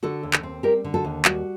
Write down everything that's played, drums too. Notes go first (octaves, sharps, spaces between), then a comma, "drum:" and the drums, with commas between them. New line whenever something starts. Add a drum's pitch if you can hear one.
D3 F#4 A4
D#2
drum: clap
C4
G3 G4 A#4
D3
F#4 A4
D#2
G3 F#4, drum: clap